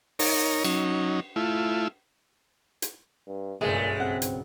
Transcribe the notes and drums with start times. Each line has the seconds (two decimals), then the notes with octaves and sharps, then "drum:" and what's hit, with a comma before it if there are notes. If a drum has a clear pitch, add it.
0.19 D#4 A#4 C#5, drum: open hi-hat
0.64 F#3 C#4 D#4, drum: cymbal
1.36 A3 E4 F4
2.82 drum: hi-hat
3.27 G2
3.61 F#1 B1 G2 A#2 G#3 A3 G#4 C5
4.00 C4 F#5
4.22 drum: hi-hat